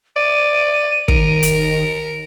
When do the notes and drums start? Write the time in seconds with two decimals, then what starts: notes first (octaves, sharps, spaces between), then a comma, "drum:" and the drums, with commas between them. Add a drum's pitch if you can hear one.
0.16 D5 D#7
1.08 D#3 A#4, drum: kick
1.43 drum: hi-hat